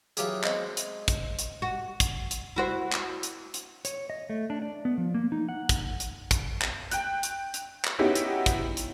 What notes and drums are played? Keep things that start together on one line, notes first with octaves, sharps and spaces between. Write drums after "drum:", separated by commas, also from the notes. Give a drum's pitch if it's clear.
E3 F#3 F4 G4 G#4, drum: hi-hat
G#3 C4, drum: clap
drum: hi-hat
drum: kick, hi-hat
drum: hi-hat
F#4
drum: kick, hi-hat
drum: hi-hat
E4 F#4 C5
drum: clap
drum: hi-hat
drum: hi-hat
C#5, drum: hi-hat
D#5
A3
D4
D5
B3
F3
A#3
D#4
F#5
drum: kick, hi-hat
drum: hi-hat
drum: kick, hi-hat
drum: clap
G5 F#6, drum: hi-hat
drum: hi-hat
drum: hi-hat
drum: clap
B3 C#4 D#4 E4 F#4 G4
drum: hi-hat
drum: kick, hi-hat
drum: hi-hat